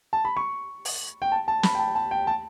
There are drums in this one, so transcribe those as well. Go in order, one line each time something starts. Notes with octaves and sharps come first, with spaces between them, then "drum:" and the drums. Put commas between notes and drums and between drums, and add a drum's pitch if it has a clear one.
A5
B5
C#6
drum: open hi-hat
G5
A5
A5
B5, drum: snare
G5
A5
A5
G5
A5